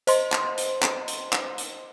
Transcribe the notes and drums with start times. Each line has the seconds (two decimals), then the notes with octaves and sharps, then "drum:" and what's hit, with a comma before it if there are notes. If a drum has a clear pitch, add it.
0.07 C5 D#5 C6, drum: hi-hat
0.32 drum: clap
0.57 drum: hi-hat
0.83 drum: clap
1.08 drum: hi-hat
1.33 drum: clap
1.58 drum: hi-hat